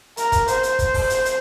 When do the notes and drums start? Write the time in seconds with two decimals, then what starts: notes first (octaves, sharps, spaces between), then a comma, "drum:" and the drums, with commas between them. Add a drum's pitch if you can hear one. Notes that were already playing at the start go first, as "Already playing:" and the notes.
0.17 A#4, drum: hi-hat
0.32 drum: kick, hi-hat
0.48 C5, drum: hi-hat
0.63 drum: hi-hat
0.79 drum: kick, hi-hat
0.94 drum: kick, open hi-hat
1.10 drum: hi-hat
1.25 drum: hi-hat